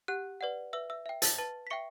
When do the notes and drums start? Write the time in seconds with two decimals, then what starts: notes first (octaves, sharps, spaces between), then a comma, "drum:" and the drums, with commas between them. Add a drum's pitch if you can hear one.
0.08 G4 F#5 F#6
0.41 B4 D5 F#5
0.73 B4 E5 E6
0.90 E5 E6
1.06 E5 G5
1.22 A5 A6, drum: hi-hat
1.38 B4 A5 A6
1.67 B6
1.70 E5 G5 C#6 C#7